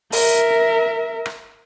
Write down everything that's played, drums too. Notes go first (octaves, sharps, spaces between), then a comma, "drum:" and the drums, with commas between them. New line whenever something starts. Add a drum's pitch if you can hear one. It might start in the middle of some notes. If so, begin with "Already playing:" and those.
A#4 E5, drum: open hi-hat
drum: rim click